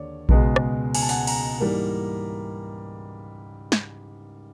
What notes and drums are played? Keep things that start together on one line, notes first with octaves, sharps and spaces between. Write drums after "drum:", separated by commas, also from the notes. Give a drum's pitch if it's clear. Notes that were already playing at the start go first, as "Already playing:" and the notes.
Already playing: D#2 D3 C#5 D5
C#2 B2 G#3, drum: kick A#1
drum: rim click
G#5, drum: cymbal
A5
F#5 G#5, drum: open hi-hat
G#5 A#5, drum: cymbal
G#2 E3 G3 A#3
drum: snare